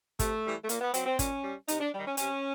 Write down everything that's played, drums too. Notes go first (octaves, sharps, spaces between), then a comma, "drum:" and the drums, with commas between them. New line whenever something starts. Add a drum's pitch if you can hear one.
C3 A3, drum: kick, hi-hat
E3 G3
A3
A#2 A#3, drum: hi-hat
B3
F#3 C4, drum: hi-hat
C4
A#2 C#4, drum: kick, hi-hat
G3
C3 D#4, drum: hi-hat
D4
D#3 G3
C#4
C3 C#4, drum: hi-hat